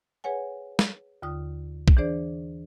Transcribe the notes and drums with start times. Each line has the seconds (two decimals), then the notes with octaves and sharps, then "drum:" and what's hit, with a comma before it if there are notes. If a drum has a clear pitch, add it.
0.24 G#4 B4 C#5 F#5 G#5
0.79 drum: snare
1.22 D#2 D3 F4 D#6
1.88 drum: kick
1.97 E3 D4 G#4 C5 D5